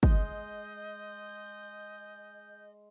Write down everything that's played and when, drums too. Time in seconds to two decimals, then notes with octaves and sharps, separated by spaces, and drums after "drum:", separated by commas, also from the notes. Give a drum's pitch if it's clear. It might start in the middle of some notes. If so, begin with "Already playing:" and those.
0.03 G#3 D#5 G6, drum: kick